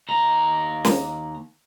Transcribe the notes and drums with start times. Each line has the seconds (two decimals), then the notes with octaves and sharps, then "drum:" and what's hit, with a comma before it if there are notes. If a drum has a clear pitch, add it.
0.09 D#2 A#5
0.85 drum: snare